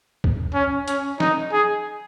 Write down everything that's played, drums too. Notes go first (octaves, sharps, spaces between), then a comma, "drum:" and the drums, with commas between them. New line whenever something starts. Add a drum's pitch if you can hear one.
drum: kick
C#4
C#4, drum: hi-hat
D#4, drum: snare
G#4